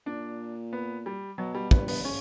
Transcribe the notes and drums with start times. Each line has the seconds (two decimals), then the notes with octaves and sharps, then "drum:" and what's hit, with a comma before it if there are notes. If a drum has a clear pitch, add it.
0.06 A#2 D4
0.73 B3
1.06 G3
1.38 B2 F#3
1.55 G3
1.71 G2 B3, drum: kick
1.88 B3, drum: open hi-hat
2.05 C#3 C#4